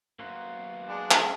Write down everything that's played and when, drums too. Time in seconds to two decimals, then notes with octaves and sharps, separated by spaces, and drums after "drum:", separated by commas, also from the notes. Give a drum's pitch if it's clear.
0.19 F#2 A#3 B3 F#4 C5
0.88 G#3 D4
1.11 drum: clap